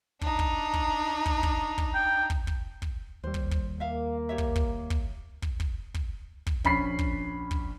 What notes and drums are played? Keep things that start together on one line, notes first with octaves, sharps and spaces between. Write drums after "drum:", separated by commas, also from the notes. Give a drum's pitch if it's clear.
D4 D#4, drum: kick
drum: kick
drum: kick
drum: kick
drum: kick
drum: kick
G5
drum: kick
drum: kick
drum: kick
D#2 G3 C5
drum: kick
drum: kick
A#3 E5 F5
G4 C#5 E5
drum: kick
drum: kick
drum: kick
drum: kick
drum: kick
drum: kick
drum: kick
A#1 C#4 B5 B6 C7, drum: kick
drum: kick
drum: kick